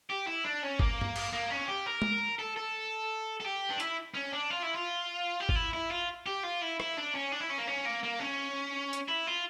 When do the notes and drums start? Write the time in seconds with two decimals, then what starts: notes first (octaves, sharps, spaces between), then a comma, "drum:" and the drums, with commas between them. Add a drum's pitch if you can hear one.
0.10 G4
0.27 E4
0.45 D4
0.63 C#4
0.79 A#3, drum: kick G1
1.01 drum: tom G2
1.16 drum: cymbal
1.33 A#3
1.50 C#4
1.68 G4
1.86 A#4
2.02 drum: tom G#3
2.39 A4
2.56 A4
3.41 A4
3.45 G4
3.70 D4
3.80 E4, drum: hi-hat
4.14 C#4
4.32 D4
4.50 F4
4.63 E4
4.74 F4
5.40 G4
5.49 F4, drum: kick G1
5.55 E4
5.73 E4
5.91 F4
6.26 G4
6.43 F4
6.62 E4
6.80 E4, drum: rim click
6.97 D4
7.15 C#4
7.32 D4
7.40 E4
7.50 C#4
7.58 A#3
7.68 C#4
7.85 A#3
8.03 A#3
8.20 C#4
8.93 drum: hi-hat
9.08 E4
9.27 F4